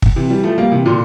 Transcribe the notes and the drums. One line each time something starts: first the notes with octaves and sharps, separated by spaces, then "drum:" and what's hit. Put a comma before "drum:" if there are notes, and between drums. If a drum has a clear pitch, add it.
drum: kick
C3 E3
E3 G3
F3 A3
G3 A#3
C3 E3
A#2 D3